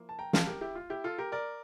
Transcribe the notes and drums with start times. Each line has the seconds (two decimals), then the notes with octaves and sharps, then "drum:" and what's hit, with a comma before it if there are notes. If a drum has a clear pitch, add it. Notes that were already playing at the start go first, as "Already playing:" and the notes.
Already playing: F3 A#3 E4
0.09 A5
0.19 G5 A#5
0.33 F5 A5, drum: snare
0.47 G4 A#4
0.61 E4 G4
0.75 F4
0.90 E4 G4
1.04 F4 A4
1.18 G4 A#4
1.32 A#4 D5